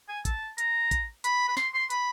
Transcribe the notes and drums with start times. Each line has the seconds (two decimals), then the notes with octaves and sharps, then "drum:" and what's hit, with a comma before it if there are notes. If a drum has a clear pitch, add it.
0.09 G#5
0.25 A5, drum: kick, hi-hat
0.58 A#5, drum: hi-hat
0.91 drum: kick, hi-hat
1.24 B5, drum: hi-hat
1.48 B5
1.57 C6, drum: snare
1.74 C6
1.90 B5, drum: hi-hat